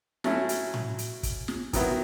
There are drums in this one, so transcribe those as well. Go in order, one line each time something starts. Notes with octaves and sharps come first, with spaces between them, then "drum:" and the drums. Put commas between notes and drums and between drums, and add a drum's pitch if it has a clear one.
F#3 A3 C#4 E4, drum: snare
drum: hi-hat
drum: tom A2
drum: hi-hat
drum: kick, hi-hat
drum: snare
D#3 F#3 B3 E4, drum: kick, hi-hat